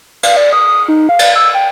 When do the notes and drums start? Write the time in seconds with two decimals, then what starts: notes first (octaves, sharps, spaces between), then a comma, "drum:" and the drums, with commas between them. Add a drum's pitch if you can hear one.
0.23 F5, drum: cymbal
0.37 D5
0.53 D#6
0.67 D#6
0.88 D#4
1.09 F5
1.19 drum: cymbal
1.35 E6
1.54 G5